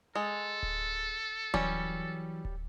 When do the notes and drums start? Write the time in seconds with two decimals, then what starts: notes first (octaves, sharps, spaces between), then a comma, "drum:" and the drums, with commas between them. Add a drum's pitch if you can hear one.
0.15 G#3 A4
0.63 drum: kick D1
1.54 E3 F#3 G3 C#4, drum: kick D1
2.45 drum: kick D1